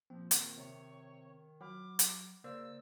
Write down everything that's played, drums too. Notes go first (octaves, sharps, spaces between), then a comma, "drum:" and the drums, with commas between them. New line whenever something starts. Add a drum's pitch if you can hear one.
A#2 F3 C4
D#3, drum: hi-hat
C3 C#5
F#3 F#5 B5 D6 F6
drum: hi-hat
C#3 A#3 C5 D5 E6